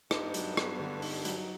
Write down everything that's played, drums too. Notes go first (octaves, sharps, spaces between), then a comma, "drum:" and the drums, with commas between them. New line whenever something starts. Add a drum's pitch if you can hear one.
G2 D#4, drum: rim click
F#3, drum: hi-hat
B3, drum: rim click
D3
D#4, drum: open hi-hat
F#3, drum: hi-hat